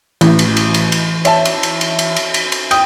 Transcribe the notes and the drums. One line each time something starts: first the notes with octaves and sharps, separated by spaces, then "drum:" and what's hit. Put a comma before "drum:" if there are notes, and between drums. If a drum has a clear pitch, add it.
A1 E3, drum: cymbal
drum: cymbal
drum: cymbal
drum: cymbal
drum: cymbal
C#5 E5 A5, drum: cymbal
drum: cymbal
drum: cymbal
drum: cymbal
drum: cymbal
drum: cymbal
drum: cymbal
drum: cymbal
G5 D#6, drum: cymbal